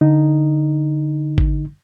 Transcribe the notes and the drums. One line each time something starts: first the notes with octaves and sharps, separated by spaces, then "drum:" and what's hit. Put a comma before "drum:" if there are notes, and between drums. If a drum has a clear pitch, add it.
D3 D#4
drum: kick G#1